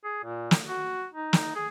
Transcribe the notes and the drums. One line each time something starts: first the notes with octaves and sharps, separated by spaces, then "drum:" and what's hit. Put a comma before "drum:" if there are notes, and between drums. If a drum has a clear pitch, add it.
G#4
A#2
drum: snare
F#4
D#4
drum: snare
G#4